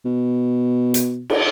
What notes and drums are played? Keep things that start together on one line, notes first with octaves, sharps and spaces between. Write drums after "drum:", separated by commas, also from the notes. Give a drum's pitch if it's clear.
B2
drum: hi-hat
drum: cymbal